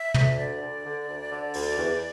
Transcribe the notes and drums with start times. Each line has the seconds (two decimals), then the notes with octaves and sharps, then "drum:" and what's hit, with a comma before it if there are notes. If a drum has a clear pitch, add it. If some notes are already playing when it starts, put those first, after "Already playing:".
Already playing: E5
0.14 D2, drum: tom
0.38 D3 D5
0.62 D2
0.84 D3
1.07 D2
1.30 D3
1.54 D2, drum: open hi-hat
1.76 E2